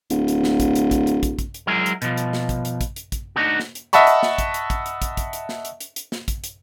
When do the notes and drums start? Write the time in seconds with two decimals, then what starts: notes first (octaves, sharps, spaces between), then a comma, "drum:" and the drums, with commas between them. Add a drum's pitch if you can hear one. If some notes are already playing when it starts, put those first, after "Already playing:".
0.10 D1, drum: hi-hat
0.28 drum: hi-hat
0.44 drum: snare
0.60 drum: kick, hi-hat
0.75 drum: hi-hat
0.91 drum: kick, hi-hat
1.07 drum: hi-hat
1.23 drum: kick, hi-hat
1.39 drum: kick, hi-hat
1.54 drum: hi-hat
1.67 F#3 G#3 E4 G#4 A#4
1.86 drum: hi-hat
2.02 B2 F3, drum: hi-hat
2.17 drum: hi-hat
2.33 drum: snare
2.49 drum: kick, hi-hat
2.65 drum: hi-hat
2.81 drum: kick, hi-hat
2.96 drum: hi-hat
3.12 drum: kick, hi-hat
3.36 A3 D4 D#4 F#4
3.60 drum: snare
3.75 drum: hi-hat
3.93 D#5 E5 F#5 A5 B5 C#6, drum: hi-hat
4.07 drum: hi-hat
4.23 drum: snare
4.38 drum: kick, hi-hat
4.54 drum: hi-hat
4.70 drum: kick, hi-hat
4.86 drum: hi-hat
5.02 drum: kick, hi-hat
5.17 drum: kick, hi-hat
5.33 drum: hi-hat
5.49 drum: snare
5.65 drum: hi-hat
5.80 drum: hi-hat
5.96 drum: hi-hat
6.12 drum: snare
6.28 drum: kick, hi-hat
6.44 drum: hi-hat